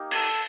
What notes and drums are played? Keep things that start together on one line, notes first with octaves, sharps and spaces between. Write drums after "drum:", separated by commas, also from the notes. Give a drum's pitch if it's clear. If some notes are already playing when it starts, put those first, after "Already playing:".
Already playing: A#3 D#4 G4
A4, drum: cymbal